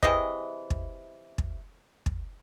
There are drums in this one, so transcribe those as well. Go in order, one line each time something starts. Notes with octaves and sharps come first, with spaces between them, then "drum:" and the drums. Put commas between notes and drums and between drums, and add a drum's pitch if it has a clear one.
C3 E3 G#4 D#5, drum: kick
drum: kick
drum: kick
drum: kick